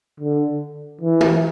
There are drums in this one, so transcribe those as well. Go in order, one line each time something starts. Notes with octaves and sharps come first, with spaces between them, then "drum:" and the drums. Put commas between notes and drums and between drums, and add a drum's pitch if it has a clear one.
D3
E3
drum: tom